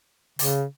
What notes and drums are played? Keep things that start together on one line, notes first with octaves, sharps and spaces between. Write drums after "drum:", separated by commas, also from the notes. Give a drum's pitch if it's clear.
C#3, drum: open hi-hat